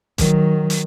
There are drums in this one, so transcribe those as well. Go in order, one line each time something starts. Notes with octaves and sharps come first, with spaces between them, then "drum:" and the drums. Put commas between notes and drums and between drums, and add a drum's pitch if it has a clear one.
D#3 F#3, drum: kick, hi-hat
drum: hi-hat